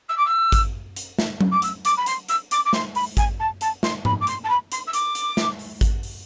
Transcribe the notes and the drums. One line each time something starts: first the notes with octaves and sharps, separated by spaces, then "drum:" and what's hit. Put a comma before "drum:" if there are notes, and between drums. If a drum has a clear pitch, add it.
E6
D6
E6
drum: kick G#1, hi-hat
drum: hi-hat
drum: snare
drum: tom F#3
D6
E6, drum: hi-hat
D6, drum: hi-hat
B5
C6, drum: hi-hat
E6, drum: hi-hat
D6, drum: hi-hat
D6
C6, drum: snare
B5, drum: open hi-hat
G#5, drum: kick G#1, hi-hat
A5
A5, drum: hi-hat
C6, drum: snare
B5, drum: tom G#2
D6
C6, drum: hi-hat
A5
B5
C6, drum: hi-hat
E6
D6, drum: hi-hat
drum: hi-hat
drum: snare
drum: open hi-hat
drum: kick G#1, hi-hat
drum: open hi-hat